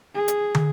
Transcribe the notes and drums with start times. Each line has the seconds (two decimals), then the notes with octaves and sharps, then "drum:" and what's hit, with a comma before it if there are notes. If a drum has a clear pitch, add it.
0.14 G#4
0.28 drum: hi-hat
0.55 drum: tom